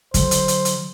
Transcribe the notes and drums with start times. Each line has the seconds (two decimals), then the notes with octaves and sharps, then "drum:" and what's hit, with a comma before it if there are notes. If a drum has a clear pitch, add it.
0.14 D3 F#3 C5, drum: kick, hi-hat
0.31 drum: hi-hat
0.48 drum: hi-hat
0.65 drum: hi-hat